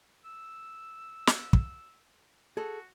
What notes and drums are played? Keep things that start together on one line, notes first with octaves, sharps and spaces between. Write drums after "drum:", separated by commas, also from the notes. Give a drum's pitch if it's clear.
E6
drum: snare
drum: kick
F#4 G#4 A4